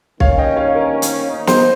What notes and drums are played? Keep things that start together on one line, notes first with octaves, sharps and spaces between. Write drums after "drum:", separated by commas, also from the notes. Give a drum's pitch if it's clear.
D#3 A#3 C#4 C#5 F5, drum: kick B1
D#5 G5
C#5 F5
A#4
drum: hi-hat
D#3 A#3 D#4
C5, drum: snare